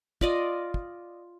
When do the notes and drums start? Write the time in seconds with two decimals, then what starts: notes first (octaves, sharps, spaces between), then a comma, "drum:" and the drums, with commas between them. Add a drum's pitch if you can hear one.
0.21 F4 D5 D#5, drum: kick
0.74 drum: kick